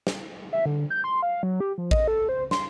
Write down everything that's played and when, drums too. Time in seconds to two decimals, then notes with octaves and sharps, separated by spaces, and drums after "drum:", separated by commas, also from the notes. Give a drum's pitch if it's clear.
0.07 drum: snare
0.53 E5
0.66 D3
0.90 G6
1.04 C6
1.23 F5
1.43 F#3
1.60 G4
1.78 F3
1.91 D#5, drum: kick A1
2.08 A4
2.29 C5
2.51 C6, drum: snare